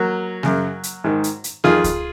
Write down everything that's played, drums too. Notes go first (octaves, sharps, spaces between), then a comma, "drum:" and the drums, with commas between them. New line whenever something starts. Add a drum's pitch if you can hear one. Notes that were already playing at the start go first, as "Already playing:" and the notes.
Already playing: F#3 A#3
F#2 C#3, drum: snare G3
drum: hi-hat
G#2 D#3
drum: hi-hat
drum: hi-hat
F2 D#3 F4 G#4, drum: snare G3
drum: kick C#2, hi-hat